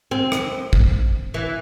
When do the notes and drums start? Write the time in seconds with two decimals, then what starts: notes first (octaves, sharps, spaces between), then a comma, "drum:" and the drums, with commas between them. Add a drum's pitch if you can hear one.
0.11 C4
0.32 drum: rim click
0.73 drum: kick
1.34 E3